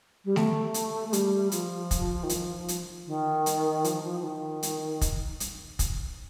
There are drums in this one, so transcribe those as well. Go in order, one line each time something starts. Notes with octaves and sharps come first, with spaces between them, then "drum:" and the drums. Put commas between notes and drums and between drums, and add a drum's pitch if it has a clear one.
G3
A3, drum: snare A3
drum: hi-hat
A3
G3, drum: hi-hat
F3, drum: hi-hat
drum: kick, hi-hat
D#3
F3, drum: hi-hat
drum: hi-hat
D#3
drum: hi-hat
F3, drum: hi-hat
F3
F3
D#3
drum: hi-hat
drum: kick, hi-hat
drum: hi-hat
drum: kick, hi-hat